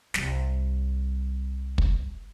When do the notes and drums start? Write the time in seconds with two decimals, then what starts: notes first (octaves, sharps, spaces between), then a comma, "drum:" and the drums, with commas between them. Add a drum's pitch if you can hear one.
0.14 C2 G3, drum: snare
1.78 drum: kick